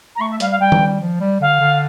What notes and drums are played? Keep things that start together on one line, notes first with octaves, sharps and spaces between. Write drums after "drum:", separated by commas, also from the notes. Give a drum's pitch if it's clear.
A#5
A3 C#6
E5
G3 F5, drum: hi-hat
F5
G3 G5
drum: tom D#3
F3
G3
D3 F5
D3